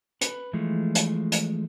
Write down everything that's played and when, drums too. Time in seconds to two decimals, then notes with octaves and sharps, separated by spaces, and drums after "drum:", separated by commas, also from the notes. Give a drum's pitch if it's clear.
0.21 B4, drum: hi-hat
0.53 E3 F3 G#3 A3
0.95 drum: hi-hat
1.32 drum: hi-hat